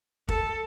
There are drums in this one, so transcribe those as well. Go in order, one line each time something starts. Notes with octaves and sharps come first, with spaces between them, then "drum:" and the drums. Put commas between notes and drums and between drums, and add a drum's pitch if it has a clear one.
A4, drum: kick